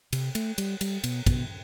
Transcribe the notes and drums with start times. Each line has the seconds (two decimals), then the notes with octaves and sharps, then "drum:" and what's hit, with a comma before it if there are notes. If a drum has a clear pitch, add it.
0.13 C3, drum: cymbal
0.35 A3, drum: cymbal
0.58 G3, drum: cymbal
0.81 G3, drum: cymbal
1.04 B2, drum: cymbal
1.26 B2, drum: kick, cymbal